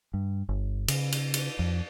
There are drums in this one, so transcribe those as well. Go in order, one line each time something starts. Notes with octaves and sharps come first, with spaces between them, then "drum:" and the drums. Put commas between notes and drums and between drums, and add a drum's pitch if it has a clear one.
G2
G1
C#3, drum: cymbal
drum: cymbal
drum: cymbal
F2